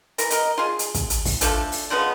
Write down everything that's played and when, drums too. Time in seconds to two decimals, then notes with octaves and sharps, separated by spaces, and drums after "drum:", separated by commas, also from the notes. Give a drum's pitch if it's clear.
0.18 E3 A#4, drum: hi-hat
0.30 A#4 D#5, drum: hi-hat
0.58 F4 G#4
0.79 drum: hi-hat
0.94 drum: kick, hi-hat
1.10 drum: hi-hat
1.25 drum: kick, open hi-hat
1.41 F3 A3 D4 A4, drum: hi-hat
1.72 drum: open hi-hat
1.90 C#3 F3 G#3 B3